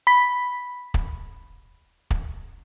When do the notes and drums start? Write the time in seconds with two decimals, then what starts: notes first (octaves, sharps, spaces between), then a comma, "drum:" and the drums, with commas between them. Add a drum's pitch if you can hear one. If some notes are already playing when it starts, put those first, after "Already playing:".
0.07 B5 B6
0.94 drum: kick
2.11 drum: kick